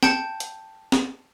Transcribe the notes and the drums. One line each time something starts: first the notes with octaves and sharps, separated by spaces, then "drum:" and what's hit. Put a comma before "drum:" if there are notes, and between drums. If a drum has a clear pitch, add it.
G5 A5 G6 C#7, drum: snare
drum: hi-hat
drum: snare